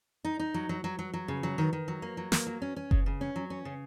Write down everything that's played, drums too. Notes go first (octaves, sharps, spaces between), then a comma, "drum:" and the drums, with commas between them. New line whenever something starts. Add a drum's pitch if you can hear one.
D#4
D#4
F#3
F#3
F#3
F#3
F#3
C#3
F#3
D#3
D#3
F#3
A#3
F#3
A#3, drum: snare
F#3
C#4
C#4
C#3, drum: kick F#1
C#3
C#4
F#3
C#4
C#3